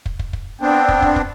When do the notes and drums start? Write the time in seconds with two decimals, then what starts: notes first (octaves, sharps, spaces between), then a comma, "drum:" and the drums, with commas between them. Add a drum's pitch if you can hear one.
0.06 drum: kick
0.19 drum: kick
0.33 drum: kick
0.61 B3 C4 D4 G5
0.89 drum: kick
1.02 drum: kick
1.16 drum: kick